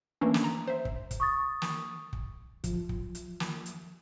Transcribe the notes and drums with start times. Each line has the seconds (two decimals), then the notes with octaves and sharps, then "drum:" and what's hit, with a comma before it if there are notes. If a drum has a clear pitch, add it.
0.21 E3 A3 A#3 C#4 D4
0.34 drum: snare
0.44 A#5
0.68 C5 E5
0.85 drum: kick
1.11 drum: kick, hi-hat
1.20 C#6 D#6 A6
1.62 drum: snare
2.13 drum: kick
2.64 F3, drum: kick, hi-hat
2.89 drum: kick
3.15 drum: hi-hat
3.40 drum: snare
3.66 drum: hi-hat